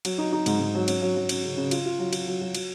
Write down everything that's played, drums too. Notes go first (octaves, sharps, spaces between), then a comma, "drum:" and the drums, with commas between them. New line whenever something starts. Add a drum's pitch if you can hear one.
F#3, drum: cymbal
D#4
D#4
G#2, drum: cymbal
G#2
F#3
C#4, drum: cymbal
F#3
F#3
C#4, drum: cymbal
C#3
C#3
F4, drum: cymbal
F4
F#3
F4, drum: cymbal
F#3
F#3
F#3, drum: cymbal